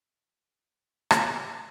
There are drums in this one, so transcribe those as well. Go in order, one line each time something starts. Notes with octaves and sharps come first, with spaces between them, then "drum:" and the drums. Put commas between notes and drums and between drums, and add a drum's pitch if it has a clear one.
A3 E4 G4 B4
A4
A4
A4
drum: rim click